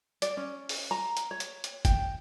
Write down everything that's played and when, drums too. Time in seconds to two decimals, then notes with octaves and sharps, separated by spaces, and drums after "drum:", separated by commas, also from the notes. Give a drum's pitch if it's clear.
0.22 D5, drum: hi-hat
0.37 C#4
0.69 drum: open hi-hat
0.91 A#5
1.17 drum: hi-hat
1.31 C#5
1.40 drum: hi-hat
1.64 drum: hi-hat
1.85 G5, drum: kick F#1, hi-hat